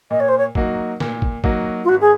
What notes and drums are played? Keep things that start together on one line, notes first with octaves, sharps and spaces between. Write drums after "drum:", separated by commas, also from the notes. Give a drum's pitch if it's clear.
A#2 D#5
C#5
C5
C#5
F#3 A#3 D#4 F#4, drum: kick
A#2, drum: snare
drum: kick
F#3 A#3 D#4 F#4, drum: kick
F4
G#1 F#4
G#4